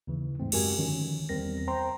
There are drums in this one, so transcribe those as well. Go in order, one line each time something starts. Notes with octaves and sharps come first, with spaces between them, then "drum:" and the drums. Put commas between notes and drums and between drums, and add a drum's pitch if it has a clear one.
D#2 C#3 E3
G#2 A3 C4
F#2 G#3 F#4 G4 A#4 G#5, drum: cymbal
D3 D#3 F3 C#4
E2 G3 C4 A#4 A#6
C5 G5 A#5 C6